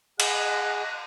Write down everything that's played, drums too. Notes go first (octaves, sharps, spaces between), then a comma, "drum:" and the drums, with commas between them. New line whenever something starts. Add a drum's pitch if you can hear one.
G#4 D#5 F#5 F#6, drum: cymbal